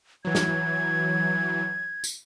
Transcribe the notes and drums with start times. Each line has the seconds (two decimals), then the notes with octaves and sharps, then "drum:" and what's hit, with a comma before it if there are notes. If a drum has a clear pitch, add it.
0.25 E3 F#3 G#6
0.35 drum: snare
2.04 drum: tambourine